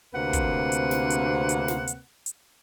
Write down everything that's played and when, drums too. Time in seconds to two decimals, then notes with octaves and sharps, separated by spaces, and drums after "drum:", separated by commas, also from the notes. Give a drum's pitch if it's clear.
0.14 D2 C3 A#3 C4 B4 F#5
0.33 drum: kick, hi-hat
0.72 drum: hi-hat
0.91 drum: snare
1.10 drum: hi-hat
1.49 drum: hi-hat
1.68 drum: snare
1.87 drum: hi-hat
2.26 drum: hi-hat